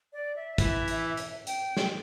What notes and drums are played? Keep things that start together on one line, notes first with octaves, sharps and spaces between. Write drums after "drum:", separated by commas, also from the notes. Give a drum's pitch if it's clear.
D5
E5
E3 E4, drum: kick, hi-hat
drum: hi-hat
drum: hi-hat
G5, drum: hi-hat
drum: snare